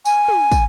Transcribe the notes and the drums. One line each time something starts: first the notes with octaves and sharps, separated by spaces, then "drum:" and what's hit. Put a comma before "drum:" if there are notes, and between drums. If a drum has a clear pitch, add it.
G#5, drum: tambourine
drum: tom
drum: kick, tambourine